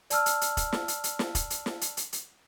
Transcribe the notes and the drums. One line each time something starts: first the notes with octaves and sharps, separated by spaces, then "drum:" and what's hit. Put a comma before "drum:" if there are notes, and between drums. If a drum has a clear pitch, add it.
D5 A5 E6 F6, drum: hi-hat
drum: hi-hat
drum: hi-hat
drum: kick, hi-hat
drum: snare
drum: hi-hat
drum: hi-hat
drum: snare
drum: kick, hi-hat
drum: hi-hat
drum: snare
drum: hi-hat
drum: hi-hat
drum: hi-hat